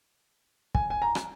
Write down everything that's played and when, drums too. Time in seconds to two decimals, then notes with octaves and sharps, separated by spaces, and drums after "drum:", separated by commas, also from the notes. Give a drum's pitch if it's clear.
0.75 G#5, drum: kick
0.90 G#5
1.02 A#5
1.15 drum: rim click